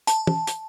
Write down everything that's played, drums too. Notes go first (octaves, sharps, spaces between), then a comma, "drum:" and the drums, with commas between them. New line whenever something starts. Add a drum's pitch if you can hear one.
A5, drum: hi-hat
drum: tom
drum: hi-hat